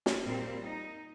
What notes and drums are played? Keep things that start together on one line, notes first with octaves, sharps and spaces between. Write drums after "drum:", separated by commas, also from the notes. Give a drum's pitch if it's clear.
drum: snare
A#2 G3 C4
D#4